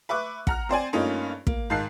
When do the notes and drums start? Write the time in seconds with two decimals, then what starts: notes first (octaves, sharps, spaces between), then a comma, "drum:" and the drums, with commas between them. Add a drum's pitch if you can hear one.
0.09 B4 E5 C#6 D6 F#6
0.47 F#5 A#5 F6, drum: kick
0.69 C4 C5 D5 G#5
0.93 G2 A3 A#3 C#4 D#4 F4
1.47 A#3, drum: kick
1.70 G#2 D#3 F5 A5 F#6 C7